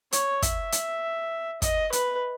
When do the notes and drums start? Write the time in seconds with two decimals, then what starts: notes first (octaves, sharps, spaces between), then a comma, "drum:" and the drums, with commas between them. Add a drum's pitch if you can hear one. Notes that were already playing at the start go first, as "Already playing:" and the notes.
0.12 C#5, drum: hi-hat
0.42 E5, drum: kick, hi-hat
0.72 drum: hi-hat
1.62 D#5, drum: kick, hi-hat
1.93 B4, drum: hi-hat